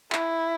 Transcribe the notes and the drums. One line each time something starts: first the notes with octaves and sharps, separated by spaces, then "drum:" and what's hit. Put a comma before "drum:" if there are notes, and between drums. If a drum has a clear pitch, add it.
E4, drum: clap